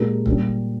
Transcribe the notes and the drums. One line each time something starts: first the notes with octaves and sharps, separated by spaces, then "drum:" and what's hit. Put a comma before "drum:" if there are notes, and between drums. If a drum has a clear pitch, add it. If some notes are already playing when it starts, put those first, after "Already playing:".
Already playing: A#2 G#3 D4 G4 A#4
A#2 G3 D4, drum: kick C#1